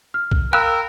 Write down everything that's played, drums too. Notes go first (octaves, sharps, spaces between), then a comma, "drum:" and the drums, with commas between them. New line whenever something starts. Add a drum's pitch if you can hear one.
F6
drum: kick B1
A#4 F5 G5 B5 E6 F#6